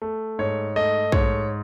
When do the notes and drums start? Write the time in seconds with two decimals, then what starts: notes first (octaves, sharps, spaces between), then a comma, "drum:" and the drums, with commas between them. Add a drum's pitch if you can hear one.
0.02 A3
0.39 G#2 C#5
0.76 A3 D#5
1.12 G#2 C#5, drum: kick